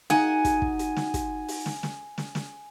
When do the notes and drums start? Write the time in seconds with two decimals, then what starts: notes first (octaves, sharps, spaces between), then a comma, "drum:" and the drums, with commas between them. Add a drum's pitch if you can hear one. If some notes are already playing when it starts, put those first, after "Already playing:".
0.10 D#4 F#4 F#5 G#5, drum: snare
0.45 drum: kick, hi-hat
0.62 drum: kick
0.79 drum: hi-hat
0.96 drum: snare
1.14 drum: kick, hi-hat
1.48 drum: open hi-hat
1.66 drum: snare
1.83 drum: snare
2.18 drum: snare
2.35 drum: snare